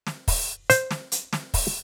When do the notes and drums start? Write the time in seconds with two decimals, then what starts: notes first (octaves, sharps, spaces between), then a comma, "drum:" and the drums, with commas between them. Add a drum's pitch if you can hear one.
0.07 drum: snare
0.28 drum: kick, open hi-hat
0.70 C5, drum: hi-hat
0.91 drum: snare
1.12 drum: hi-hat
1.33 drum: snare
1.54 drum: kick, open hi-hat